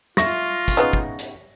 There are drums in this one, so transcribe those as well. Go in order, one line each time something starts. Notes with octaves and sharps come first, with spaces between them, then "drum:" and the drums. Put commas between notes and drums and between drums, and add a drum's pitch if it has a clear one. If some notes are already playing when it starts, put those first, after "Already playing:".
F4 E5 C#6 A#6, drum: snare
drum: kick, hi-hat
C#3 B3 D#4
drum: kick
drum: hi-hat